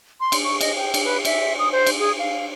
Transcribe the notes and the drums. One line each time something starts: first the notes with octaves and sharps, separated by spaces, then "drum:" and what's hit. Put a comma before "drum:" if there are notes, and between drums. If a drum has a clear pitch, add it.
C6
drum: cymbal
C#6
D#5, drum: cymbal
G5
drum: cymbal
B4
E5, drum: cymbal
D#6
C5
drum: cymbal
G#4
F5